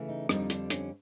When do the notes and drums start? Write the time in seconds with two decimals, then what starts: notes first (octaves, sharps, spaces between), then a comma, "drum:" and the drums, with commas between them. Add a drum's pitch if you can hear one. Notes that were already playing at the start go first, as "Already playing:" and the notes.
Already playing: C#3 E3 A3
0.09 D#4
0.29 F2 D3 G3 C4 D#4, drum: rim click
0.50 D4, drum: hi-hat
0.70 C#4, drum: hi-hat